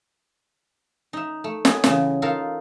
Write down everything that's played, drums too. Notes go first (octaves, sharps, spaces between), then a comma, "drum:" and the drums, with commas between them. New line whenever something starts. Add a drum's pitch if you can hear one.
D#4 E5
A3
F#4 G#4 A4 B4 C#5, drum: snare
E2 C#3, drum: snare
D#4 F4 A4 A#4 F5